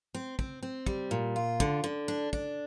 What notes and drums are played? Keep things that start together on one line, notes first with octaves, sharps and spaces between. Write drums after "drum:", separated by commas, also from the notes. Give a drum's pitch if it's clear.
C4
C4, drum: kick
C4
G3, drum: kick
A#2
F4
D3, drum: kick
D3
D4
D4, drum: kick